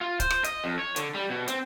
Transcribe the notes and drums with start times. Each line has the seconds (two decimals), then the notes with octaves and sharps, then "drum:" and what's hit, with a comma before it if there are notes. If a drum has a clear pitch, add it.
0.01 F4
0.20 C5, drum: kick C#1, hi-hat
0.30 drum: rim click
0.44 D#5, drum: hi-hat
0.64 F2
0.79 C#5
0.96 D3, drum: hi-hat
1.14 G3
1.30 B2
1.48 C4, drum: hi-hat